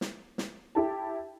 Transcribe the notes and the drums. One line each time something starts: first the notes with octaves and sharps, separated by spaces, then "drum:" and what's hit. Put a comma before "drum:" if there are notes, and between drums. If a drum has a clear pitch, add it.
drum: snare
drum: snare
E4 G4 G5 A5